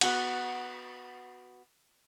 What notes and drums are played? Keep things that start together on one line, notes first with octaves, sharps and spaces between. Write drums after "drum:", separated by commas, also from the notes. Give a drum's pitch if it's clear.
B3 F#4 F#5, drum: cymbal